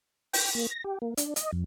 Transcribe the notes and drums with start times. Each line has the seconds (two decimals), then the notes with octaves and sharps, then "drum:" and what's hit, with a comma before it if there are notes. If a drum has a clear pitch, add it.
0.33 G5, drum: open hi-hat
0.55 A#3
0.70 A#6
0.84 G4
1.02 A#3
1.17 D4, drum: hi-hat
1.36 D#5, drum: hi-hat
1.53 F2